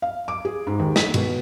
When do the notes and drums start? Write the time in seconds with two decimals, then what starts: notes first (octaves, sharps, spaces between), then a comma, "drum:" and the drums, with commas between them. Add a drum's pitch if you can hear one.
0.02 F5
0.28 D6
0.45 G#4
0.67 G#2
0.80 D#2
0.96 B6, drum: snare
1.14 B2, drum: cymbal